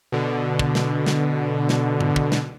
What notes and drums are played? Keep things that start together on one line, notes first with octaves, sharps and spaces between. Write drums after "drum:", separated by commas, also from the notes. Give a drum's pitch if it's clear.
B2 D3
drum: kick
drum: snare
drum: snare
drum: snare
drum: tom G#2
drum: kick
drum: snare